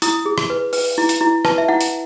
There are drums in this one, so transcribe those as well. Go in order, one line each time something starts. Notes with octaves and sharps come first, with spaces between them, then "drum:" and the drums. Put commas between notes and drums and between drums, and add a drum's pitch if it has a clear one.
E4 D#6, drum: hi-hat
G#4
drum: rim click
B4
B4, drum: open hi-hat
E4
drum: hi-hat
E4
B4 A5, drum: rim click
E5
E4 F#5
drum: hi-hat